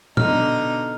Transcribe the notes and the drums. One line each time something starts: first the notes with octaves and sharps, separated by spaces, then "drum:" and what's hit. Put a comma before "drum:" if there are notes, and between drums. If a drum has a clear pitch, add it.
B2 D3 D#4 F6, drum: tom A#2